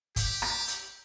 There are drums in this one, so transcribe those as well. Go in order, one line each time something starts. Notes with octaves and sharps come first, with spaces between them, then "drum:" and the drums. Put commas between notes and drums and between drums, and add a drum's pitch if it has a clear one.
G4, drum: kick, hi-hat
drum: rim click
drum: hi-hat